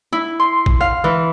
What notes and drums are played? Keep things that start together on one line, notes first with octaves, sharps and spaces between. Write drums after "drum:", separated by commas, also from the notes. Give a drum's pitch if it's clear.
E4
C6
drum: kick
F5
E3